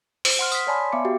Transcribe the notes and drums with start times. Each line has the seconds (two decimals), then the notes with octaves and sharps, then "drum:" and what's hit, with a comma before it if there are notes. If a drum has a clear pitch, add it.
0.25 C5, drum: open hi-hat
0.39 F#5 C6 F6
0.52 D#6 B6, drum: tambourine
0.67 C#5 D5 G#5 A5 B5 C6
0.92 B3 E5 F5 D6 C#7
1.05 F#4 G4 G5